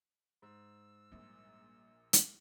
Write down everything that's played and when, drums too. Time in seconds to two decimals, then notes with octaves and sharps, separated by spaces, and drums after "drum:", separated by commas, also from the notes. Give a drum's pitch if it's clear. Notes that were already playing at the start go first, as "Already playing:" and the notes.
0.42 G#2 E6
1.12 A#1 A#2 G3 D4
2.13 drum: hi-hat